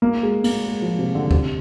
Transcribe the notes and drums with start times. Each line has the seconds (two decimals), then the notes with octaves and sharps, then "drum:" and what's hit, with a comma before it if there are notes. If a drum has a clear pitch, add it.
0.02 A#3
0.23 G#3
0.44 A#3, drum: cymbal
0.66 G#3
0.82 F3
0.99 C3
1.15 D3
1.31 C3, drum: kick D2